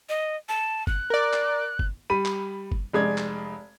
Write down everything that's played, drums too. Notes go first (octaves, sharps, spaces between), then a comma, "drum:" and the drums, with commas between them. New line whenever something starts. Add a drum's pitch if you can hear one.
D#5
A5
F#6, drum: kick G1
A#4 D5
drum: clap
drum: kick G1
G3 B5 D#7
drum: clap
drum: kick G1
F1 G#3 D5 G#6
drum: clap